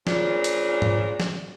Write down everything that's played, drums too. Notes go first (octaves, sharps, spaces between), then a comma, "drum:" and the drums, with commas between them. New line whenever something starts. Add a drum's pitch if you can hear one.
A#2 C#3 F3 D4 F4, drum: snare
drum: hi-hat
drum: tom G#2
drum: snare